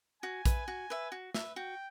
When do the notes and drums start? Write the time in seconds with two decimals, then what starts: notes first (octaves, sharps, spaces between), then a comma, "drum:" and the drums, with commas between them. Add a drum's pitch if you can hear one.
0.23 F#4 G#5
0.46 B4 E5, drum: kick A#1, hi-hat
0.68 F#4
0.90 B4 E5
1.12 F#4
1.34 B4 E5, drum: snare
1.56 F#4 G5